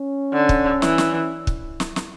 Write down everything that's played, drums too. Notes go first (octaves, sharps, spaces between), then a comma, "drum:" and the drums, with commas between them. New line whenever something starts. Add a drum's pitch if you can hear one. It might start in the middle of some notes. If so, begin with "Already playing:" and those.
Already playing: C#4
D3
drum: kick
E3, drum: snare
drum: snare
drum: kick
drum: snare
drum: snare